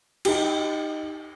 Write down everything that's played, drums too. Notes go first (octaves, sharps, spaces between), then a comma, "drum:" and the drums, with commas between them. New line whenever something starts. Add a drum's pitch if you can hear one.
D#4 G4, drum: cymbal